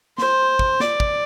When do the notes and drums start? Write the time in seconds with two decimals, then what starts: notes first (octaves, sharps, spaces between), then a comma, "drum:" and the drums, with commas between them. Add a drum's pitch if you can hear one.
0.18 C5, drum: snare
0.59 drum: kick
0.80 D5, drum: snare
1.00 drum: kick